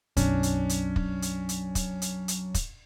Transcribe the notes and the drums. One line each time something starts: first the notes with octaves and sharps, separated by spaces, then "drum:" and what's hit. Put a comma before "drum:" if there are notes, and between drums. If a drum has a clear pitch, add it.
B1 F#2 F#3 C#4 D4, drum: kick, hi-hat
drum: hi-hat
drum: hi-hat
drum: kick
drum: hi-hat
drum: hi-hat
drum: kick, hi-hat
drum: hi-hat
drum: hi-hat
drum: kick, hi-hat